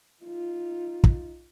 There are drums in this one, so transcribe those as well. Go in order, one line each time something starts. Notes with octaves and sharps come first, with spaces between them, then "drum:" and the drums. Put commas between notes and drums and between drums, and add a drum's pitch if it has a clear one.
D#4 F4
drum: kick